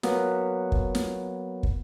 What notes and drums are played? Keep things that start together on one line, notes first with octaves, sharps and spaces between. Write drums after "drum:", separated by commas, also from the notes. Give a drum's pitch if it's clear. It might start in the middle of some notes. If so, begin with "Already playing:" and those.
F#3 A#3 B3, drum: snare
drum: kick
drum: snare
drum: kick